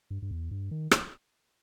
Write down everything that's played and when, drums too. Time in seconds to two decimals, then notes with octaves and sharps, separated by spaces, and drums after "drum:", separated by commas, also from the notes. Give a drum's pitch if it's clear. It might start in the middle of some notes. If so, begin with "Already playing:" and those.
0.10 G2
0.22 G2
0.31 E2
0.51 G2
0.71 D#3
0.91 drum: rim click